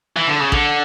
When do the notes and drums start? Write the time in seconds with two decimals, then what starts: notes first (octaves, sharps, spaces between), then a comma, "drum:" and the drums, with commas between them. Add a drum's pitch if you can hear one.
0.17 E3
0.28 D3
0.40 C#3
0.52 D3, drum: kick A1